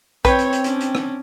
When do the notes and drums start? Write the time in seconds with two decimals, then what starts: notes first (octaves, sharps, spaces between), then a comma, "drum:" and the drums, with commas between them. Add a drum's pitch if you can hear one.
0.25 C4 B4 C#5 G5, drum: kick, hi-hat
0.39 drum: hi-hat
0.53 drum: hi-hat
0.64 C#4 D4, drum: hi-hat
0.81 drum: hi-hat
0.95 drum: rim click